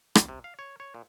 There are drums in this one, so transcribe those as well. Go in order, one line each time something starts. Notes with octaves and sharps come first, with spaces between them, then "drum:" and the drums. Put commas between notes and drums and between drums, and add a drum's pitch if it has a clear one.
G3, drum: rim click
C3
F5
C#5
C#5
A#2